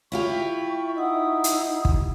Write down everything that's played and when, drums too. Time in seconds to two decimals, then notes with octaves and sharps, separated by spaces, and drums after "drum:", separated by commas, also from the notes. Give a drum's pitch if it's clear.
0.12 E4 F4 G4 E5 C#6
0.96 D#4 D#5 E5 F#5 D#6 E6
1.44 drum: hi-hat
1.85 drum: kick